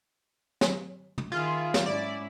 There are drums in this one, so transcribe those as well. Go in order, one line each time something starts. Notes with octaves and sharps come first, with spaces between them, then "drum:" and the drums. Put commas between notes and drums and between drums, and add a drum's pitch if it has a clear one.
drum: snare
drum: tom
D#3 E4 F4 G#4
drum: snare
G#2 C#4 E4 D5